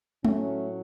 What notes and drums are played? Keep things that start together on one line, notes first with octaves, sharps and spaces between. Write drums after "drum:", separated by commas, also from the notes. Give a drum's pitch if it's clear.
A2 F#3 A3 C#4, drum: tom G#3